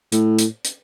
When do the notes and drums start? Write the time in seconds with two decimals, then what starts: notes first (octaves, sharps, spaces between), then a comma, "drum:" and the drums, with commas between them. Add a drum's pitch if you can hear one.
0.12 A2, drum: hi-hat
0.39 drum: hi-hat
0.65 drum: hi-hat